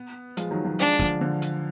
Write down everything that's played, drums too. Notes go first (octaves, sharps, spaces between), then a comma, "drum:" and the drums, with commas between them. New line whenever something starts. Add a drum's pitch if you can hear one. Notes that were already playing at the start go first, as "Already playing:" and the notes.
Already playing: B3
F3 G#3, drum: hi-hat
D#3 F#3
D#3 F#3
F3 G#3 D4, drum: hi-hat
D3 F3, drum: kick, hi-hat
D3 F3
drum: hi-hat